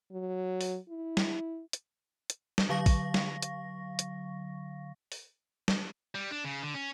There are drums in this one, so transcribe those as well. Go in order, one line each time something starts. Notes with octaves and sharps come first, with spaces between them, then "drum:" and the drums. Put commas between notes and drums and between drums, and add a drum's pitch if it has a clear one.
F#3
drum: open hi-hat
E4
drum: snare
drum: hi-hat
drum: hi-hat
drum: snare
D3 F#3 F5 C#6 A#6
drum: kick, open hi-hat
drum: snare
drum: hi-hat
drum: hi-hat
drum: open hi-hat
drum: snare
G3
D4
C#3
D3
C#4